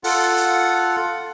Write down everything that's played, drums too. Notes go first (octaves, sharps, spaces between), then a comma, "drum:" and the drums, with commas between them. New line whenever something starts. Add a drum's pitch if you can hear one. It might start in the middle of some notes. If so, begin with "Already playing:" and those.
F4 A4 F#5, drum: open hi-hat
drum: hi-hat